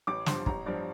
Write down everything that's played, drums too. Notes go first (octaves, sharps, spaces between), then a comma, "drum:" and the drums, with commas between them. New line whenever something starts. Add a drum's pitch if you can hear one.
A1 D6
G2 F3 C6, drum: snare
A1 A#5, drum: kick
G2 F3 D5